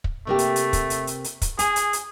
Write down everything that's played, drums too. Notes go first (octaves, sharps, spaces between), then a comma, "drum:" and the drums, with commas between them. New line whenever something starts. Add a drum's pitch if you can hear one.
drum: kick
C3 A3 A#3 G4
drum: hi-hat
drum: hi-hat
drum: kick, hi-hat
drum: hi-hat
drum: hi-hat
drum: hi-hat
drum: kick, hi-hat
G#4 G#5, drum: hi-hat
drum: hi-hat
drum: hi-hat